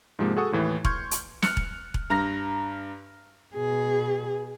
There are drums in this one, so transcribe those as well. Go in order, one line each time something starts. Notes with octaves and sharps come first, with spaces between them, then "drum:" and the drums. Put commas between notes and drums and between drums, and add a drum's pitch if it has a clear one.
G#2 C3 F3 G#3 A#3
F#4 G#4 A4 F#5 C#6 D#6
D#2 A2 E3
C6 C#6 F6 G6 G#6, drum: kick E1
drum: hi-hat
F6 F#6 C#7, drum: snare
drum: kick E1
drum: kick E1
G2 A#5 F6 A#6
B2 G#4